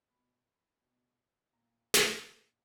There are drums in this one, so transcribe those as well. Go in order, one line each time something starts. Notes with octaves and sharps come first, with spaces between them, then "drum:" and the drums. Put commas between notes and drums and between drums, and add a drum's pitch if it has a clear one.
B2 B5
B2
A#2 A#5
drum: snare
A#2